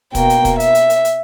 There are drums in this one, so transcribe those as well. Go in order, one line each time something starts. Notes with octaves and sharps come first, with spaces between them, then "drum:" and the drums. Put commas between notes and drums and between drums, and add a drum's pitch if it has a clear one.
B2 A#3 G5, drum: kick, hi-hat
drum: hi-hat
drum: kick, hi-hat
E5, drum: hi-hat
drum: hi-hat
drum: hi-hat
drum: hi-hat